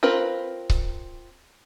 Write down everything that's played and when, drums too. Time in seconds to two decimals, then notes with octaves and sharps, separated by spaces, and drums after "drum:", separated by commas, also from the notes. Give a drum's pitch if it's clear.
0.03 C4 F4 A#4 B4
0.70 drum: kick C#1